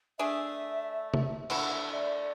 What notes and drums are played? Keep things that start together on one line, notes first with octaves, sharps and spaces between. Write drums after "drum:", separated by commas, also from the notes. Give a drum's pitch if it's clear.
A3 D4 G#4 E5
drum: tom C3
D3 A3 E4 F#5, drum: cymbal
E5
D5